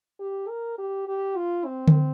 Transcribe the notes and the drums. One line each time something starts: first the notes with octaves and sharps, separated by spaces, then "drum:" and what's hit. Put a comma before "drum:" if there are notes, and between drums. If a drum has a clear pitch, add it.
G4
A#4
G4
G4
F4
C4
drum: tom D3